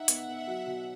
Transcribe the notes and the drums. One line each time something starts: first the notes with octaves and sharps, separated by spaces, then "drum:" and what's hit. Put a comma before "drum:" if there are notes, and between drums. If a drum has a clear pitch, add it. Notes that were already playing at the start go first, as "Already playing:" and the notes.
Already playing: D#4 E5 F#5
B3, drum: hi-hat
B3
F#3
B2